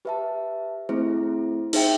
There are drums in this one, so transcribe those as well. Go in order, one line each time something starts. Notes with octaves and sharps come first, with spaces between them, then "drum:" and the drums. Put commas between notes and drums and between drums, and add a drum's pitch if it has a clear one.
G4 B4 E5 A5
A3 C4 E4 G#4 C5
D#4 G#4 C5 E5 G5, drum: cymbal